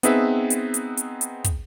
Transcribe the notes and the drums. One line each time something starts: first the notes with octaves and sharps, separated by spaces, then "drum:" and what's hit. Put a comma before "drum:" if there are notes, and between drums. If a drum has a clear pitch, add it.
B3 C4 D#4 G#4 B4 E5, drum: hi-hat
drum: hi-hat
drum: hi-hat
drum: hi-hat
drum: hi-hat
drum: kick, hi-hat